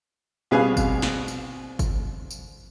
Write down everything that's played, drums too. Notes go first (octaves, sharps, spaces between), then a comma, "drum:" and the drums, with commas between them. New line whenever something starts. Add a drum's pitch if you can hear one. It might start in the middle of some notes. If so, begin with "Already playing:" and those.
C2 B2 G#4 B4 F5 G#5
drum: kick G1, tambourine
drum: snare
drum: tambourine
drum: kick G1, tambourine
drum: tambourine